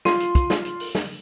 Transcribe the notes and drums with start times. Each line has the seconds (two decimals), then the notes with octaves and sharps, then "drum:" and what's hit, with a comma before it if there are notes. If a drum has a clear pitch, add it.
0.05 F4 C6 D#7, drum: snare
0.20 drum: hi-hat
0.35 drum: kick, hi-hat
0.50 drum: snare
0.65 drum: hi-hat
0.80 drum: open hi-hat
0.95 drum: snare